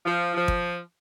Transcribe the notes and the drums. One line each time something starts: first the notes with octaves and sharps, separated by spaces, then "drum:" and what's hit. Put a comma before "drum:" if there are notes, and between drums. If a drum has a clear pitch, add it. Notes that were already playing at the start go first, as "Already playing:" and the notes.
F3
F3
drum: kick